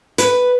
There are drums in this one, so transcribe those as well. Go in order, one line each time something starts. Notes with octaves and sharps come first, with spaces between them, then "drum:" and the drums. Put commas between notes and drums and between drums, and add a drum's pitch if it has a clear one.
B4, drum: hi-hat